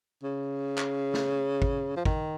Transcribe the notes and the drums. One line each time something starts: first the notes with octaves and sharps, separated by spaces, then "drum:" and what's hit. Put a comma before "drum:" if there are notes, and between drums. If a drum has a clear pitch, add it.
C#3
drum: clap
drum: snare
drum: kick
F3
D#3, drum: kick